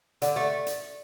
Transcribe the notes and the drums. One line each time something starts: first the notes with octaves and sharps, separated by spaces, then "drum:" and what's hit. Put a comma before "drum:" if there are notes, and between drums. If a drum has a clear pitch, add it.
D3, drum: hi-hat
A3
drum: hi-hat